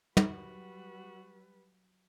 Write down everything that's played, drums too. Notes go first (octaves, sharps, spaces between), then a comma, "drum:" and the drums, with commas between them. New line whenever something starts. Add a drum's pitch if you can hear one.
F#3 G3 F#4 B4, drum: tom